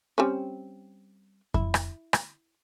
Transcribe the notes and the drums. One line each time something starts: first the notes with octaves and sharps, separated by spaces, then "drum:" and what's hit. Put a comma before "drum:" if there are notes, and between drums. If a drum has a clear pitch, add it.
G3 C4 C#4
E4, drum: kick F2
drum: rim click
drum: rim click